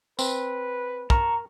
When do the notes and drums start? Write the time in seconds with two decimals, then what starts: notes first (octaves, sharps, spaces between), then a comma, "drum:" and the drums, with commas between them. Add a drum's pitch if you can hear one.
0.19 C4 B4, drum: tambourine
1.10 A#4 A5 A#5 C#6, drum: kick